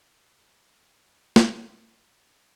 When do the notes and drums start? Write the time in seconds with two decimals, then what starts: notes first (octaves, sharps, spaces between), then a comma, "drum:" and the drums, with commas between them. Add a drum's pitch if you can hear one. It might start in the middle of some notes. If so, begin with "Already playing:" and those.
0.21 C5 F#5 B5
0.46 F#4 G4 C5 C#5 A#5 D6
1.36 drum: snare
1.59 D#2 B2
2.17 F#5 G#5 A#5 D#6 E6